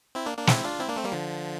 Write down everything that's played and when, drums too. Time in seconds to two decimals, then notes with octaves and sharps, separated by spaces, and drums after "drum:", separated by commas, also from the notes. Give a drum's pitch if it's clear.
0.15 C4 E4
0.26 A#3 D4
0.37 A#3 D4
0.47 C4 E4, drum: snare
0.64 D4 F4
0.80 C4 E4
0.89 A#3 D4
0.96 A3 C4
1.04 G3 A#3
1.12 D3 F3